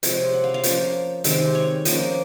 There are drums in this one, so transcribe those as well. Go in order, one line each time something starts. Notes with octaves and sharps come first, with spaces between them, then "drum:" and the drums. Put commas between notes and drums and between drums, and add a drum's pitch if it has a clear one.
C3 F3 G#3 C#5, drum: hi-hat
F#5
F5
F5
F3 A#3 C#4 C#5, drum: hi-hat
C3 D#3 G#3, drum: hi-hat
C#5
F3 A#3 C#4 D#5, drum: hi-hat